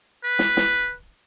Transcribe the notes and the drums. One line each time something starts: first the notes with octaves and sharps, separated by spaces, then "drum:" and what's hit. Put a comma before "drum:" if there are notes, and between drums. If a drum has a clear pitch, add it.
B4
drum: snare
drum: snare